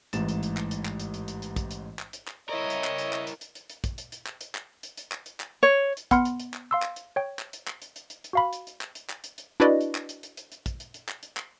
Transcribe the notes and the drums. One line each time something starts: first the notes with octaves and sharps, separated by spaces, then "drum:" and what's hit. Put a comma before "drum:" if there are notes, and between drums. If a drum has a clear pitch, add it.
A1 G#2 E3 A6 E7, drum: hi-hat
drum: hi-hat
drum: hi-hat
drum: clap
drum: hi-hat
drum: clap
drum: hi-hat
drum: hi-hat
drum: hi-hat
drum: hi-hat
drum: kick, hi-hat
drum: hi-hat
drum: clap
drum: hi-hat
drum: clap
E4 A#4 C#5 D#5 E5
drum: hi-hat
drum: clap
drum: hi-hat
drum: clap
drum: hi-hat
drum: hi-hat
drum: hi-hat
drum: hi-hat
drum: kick, hi-hat
drum: hi-hat
drum: hi-hat
drum: clap
drum: hi-hat
drum: clap
drum: hi-hat
drum: hi-hat
drum: clap
drum: hi-hat
drum: clap
C#5
drum: hi-hat
B3 F#5 B5 C6 F6 C#7, drum: kick, hi-hat
drum: hi-hat
drum: hi-hat
drum: clap
F5 C6 E6
drum: clap
drum: hi-hat
C#5 G5
drum: clap
drum: hi-hat
drum: clap
drum: hi-hat
drum: hi-hat
drum: hi-hat
drum: hi-hat
F#4 F5 B5
drum: hi-hat
drum: hi-hat
drum: clap
drum: hi-hat
drum: clap
drum: hi-hat
drum: hi-hat
D4 E4 F#4 B4 D5 D#5
drum: hi-hat
drum: clap
drum: hi-hat
drum: hi-hat
drum: hi-hat
drum: hi-hat
drum: kick, hi-hat
drum: hi-hat
drum: hi-hat
drum: clap
drum: hi-hat
drum: clap